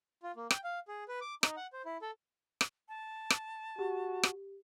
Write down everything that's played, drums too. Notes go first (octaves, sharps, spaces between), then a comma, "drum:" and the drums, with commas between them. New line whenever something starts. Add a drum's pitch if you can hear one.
F4
A#3
G5, drum: rim click
F5
G#4
B4
D6
D#4, drum: rim click
F#5
C5
E4
A4
drum: rim click
A5
drum: rim click
F#4 G4
drum: rim click